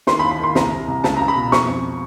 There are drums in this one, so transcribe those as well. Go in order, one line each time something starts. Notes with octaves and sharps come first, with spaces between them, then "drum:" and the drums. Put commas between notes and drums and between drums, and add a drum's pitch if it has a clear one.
D#3 C6, drum: snare
B5
D#2
B5
D#3 C6
C2 A#5, drum: snare
C2
C2
C#2 A5, drum: snare
C#2 A#5
B5
B2
F2 C#6, drum: snare
F2